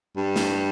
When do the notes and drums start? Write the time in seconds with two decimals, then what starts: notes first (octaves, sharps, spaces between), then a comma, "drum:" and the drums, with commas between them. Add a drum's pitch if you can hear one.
0.17 G2
0.36 drum: snare